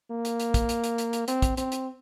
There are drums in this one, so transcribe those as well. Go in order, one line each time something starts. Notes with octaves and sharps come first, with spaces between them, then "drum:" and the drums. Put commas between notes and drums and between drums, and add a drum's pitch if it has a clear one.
A#3
drum: hi-hat
drum: hi-hat
drum: kick, hi-hat
drum: hi-hat
drum: hi-hat
drum: hi-hat
drum: hi-hat
C4, drum: hi-hat
drum: kick, hi-hat
C4, drum: hi-hat
drum: hi-hat